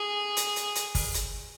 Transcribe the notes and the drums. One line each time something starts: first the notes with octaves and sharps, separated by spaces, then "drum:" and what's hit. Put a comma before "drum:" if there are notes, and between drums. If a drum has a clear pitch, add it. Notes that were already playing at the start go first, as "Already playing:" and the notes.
Already playing: G#4
drum: hi-hat
drum: hi-hat
drum: hi-hat
drum: kick G1, open hi-hat
drum: hi-hat